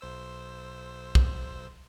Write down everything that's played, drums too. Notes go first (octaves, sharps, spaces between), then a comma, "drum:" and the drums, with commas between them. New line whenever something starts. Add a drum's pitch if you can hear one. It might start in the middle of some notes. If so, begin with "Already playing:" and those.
B1 C5 E6
drum: kick